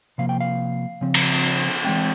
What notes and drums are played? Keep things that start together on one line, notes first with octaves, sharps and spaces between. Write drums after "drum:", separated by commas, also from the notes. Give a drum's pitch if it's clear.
C3 F3 A#3 F5
G5
F5
C#3 F3 C4
drum: cymbal
E3 G#3 C4 G5